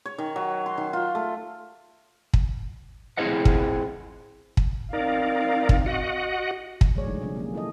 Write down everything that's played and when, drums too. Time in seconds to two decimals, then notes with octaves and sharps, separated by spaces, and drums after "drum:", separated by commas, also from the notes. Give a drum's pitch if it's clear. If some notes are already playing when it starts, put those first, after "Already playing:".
0.06 C#5
0.18 D#3
0.36 F#3
0.66 C6
0.78 D#3
0.93 F4
1.15 A3
2.34 drum: kick
3.17 C4 E4 G#4 C5 D#5 F#5
3.45 drum: kick
4.57 drum: kick
4.93 C4 D#4 A#4 D5 F5
5.69 drum: kick
5.86 F#4 D#5 F#5
6.81 drum: kick
6.95 E3 F#3 A3 G#4 C#5 D5
7.07 A#2 D3 G#3 D#4 G#4
7.22 C3 F3 G3 C#4
7.36 A#3 G#4
7.53 G3 E4 A4 D#5